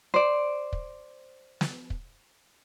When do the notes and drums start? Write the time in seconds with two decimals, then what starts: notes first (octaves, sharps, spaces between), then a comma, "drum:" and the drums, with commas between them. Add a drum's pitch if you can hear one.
0.14 C5 D5
0.73 drum: kick
1.61 drum: snare
1.90 drum: kick